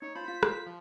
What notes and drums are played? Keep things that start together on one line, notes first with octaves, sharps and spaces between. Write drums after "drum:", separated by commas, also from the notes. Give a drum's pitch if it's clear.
D#4 C#5
F4 C5 A5 B5
F4 B6
drum: rim click
F3